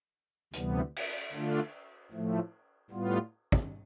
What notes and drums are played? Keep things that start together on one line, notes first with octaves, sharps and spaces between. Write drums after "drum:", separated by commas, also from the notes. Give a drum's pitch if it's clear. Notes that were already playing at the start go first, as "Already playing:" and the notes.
D2 C3 E3 G3 B3, drum: hi-hat
drum: cymbal
D3 A3 D4 F4
A2 F3 A3
A2 G3 B3 F4
drum: kick